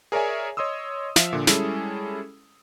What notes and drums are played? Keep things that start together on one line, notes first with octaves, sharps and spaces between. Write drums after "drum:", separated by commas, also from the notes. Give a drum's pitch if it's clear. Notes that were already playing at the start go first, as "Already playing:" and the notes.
G#4 A#4 C#5 D5 E5 G#5
C#5 D#5 C6 D#6 E6
F3 E5 F5, drum: snare
A#2 D3
G3 G#3 C#4 E4 G#4 A4, drum: snare